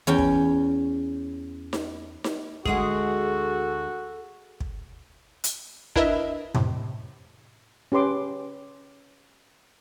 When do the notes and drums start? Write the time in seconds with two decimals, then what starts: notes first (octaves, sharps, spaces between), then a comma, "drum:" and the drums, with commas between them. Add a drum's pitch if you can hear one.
0.07 E2 C#4 G5
0.18 drum: kick
1.73 drum: snare D#4
2.24 drum: snare D#4
2.65 D2 G#3 F#4 G#4 A4 F#5, drum: kick
4.60 drum: kick
5.44 drum: hi-hat
5.96 D4 E4 A#4 B4 D#5 E5, drum: kick
6.55 A2 C3, drum: tom F2
7.92 C#4 G4 B4 C6 D6